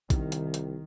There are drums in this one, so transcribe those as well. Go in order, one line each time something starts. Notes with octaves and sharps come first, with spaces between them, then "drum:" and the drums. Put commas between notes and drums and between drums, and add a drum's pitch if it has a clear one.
C2 D#3, drum: kick, hi-hat
drum: hi-hat
drum: hi-hat